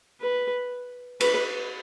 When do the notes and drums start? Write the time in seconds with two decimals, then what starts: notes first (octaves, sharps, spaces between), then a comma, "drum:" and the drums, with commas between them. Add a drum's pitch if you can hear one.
0.21 B4
1.21 B4, drum: cymbal